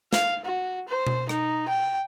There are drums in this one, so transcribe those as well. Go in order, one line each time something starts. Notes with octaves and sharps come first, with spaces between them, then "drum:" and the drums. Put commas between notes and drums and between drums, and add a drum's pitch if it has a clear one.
F5, drum: snare
F#4
C5
drum: tom B2
D#4, drum: rim click
G5